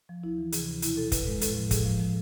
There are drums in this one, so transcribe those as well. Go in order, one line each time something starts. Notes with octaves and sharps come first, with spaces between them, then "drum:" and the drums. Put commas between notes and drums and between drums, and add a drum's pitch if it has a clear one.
F3
D2 E4
E3
C3 G#4, drum: hi-hat
D2
B2 E4, drum: hi-hat
B2 A4
E2 B4, drum: kick, hi-hat
G#3
A2 A4, drum: hi-hat
F3
A2 G#4, drum: kick, hi-hat
F3
F3